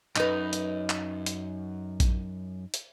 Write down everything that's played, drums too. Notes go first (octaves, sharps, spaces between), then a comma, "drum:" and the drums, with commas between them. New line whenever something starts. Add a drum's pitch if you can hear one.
F#2 D#4 B4, drum: clap
drum: hi-hat
drum: clap
drum: hi-hat
drum: kick A#1, hi-hat
drum: hi-hat